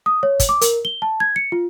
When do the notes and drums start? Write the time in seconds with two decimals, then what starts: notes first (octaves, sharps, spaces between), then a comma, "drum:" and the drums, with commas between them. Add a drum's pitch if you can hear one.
0.06 D#6
0.23 C#5
0.40 drum: kick, hi-hat
0.49 D6
0.61 A#4, drum: hi-hat
0.85 G7
1.02 A5
1.20 G#6
1.36 C#7
1.52 F4